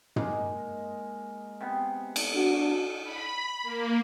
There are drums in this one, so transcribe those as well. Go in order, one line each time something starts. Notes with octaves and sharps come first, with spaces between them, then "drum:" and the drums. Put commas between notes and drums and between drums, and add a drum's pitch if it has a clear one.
G#3 A#3 D#4, drum: tom
C3 B3
drum: cymbal
D4 F#4
B5
A#3